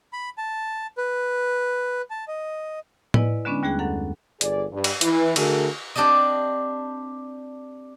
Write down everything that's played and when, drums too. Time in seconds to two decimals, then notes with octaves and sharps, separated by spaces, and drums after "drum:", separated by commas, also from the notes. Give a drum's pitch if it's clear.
0.13 B5
0.38 A5
0.98 B4
2.10 A5
2.28 D#5
3.14 E4 B4 D5 D#5 G#5, drum: tom A2
3.45 D3 G#3 B3 C#4 D4
3.63 D#2 G3 A3 G#4 G5 F#6
3.79 F#2 A4 F#5
4.41 G1 G#4 D5, drum: hi-hat
4.72 G2
4.84 drum: cymbal
5.01 E3, drum: hi-hat
5.36 D3 A3 F#4 G#4 A#4, drum: cymbal
5.95 C4 D4 G4 D5 D#5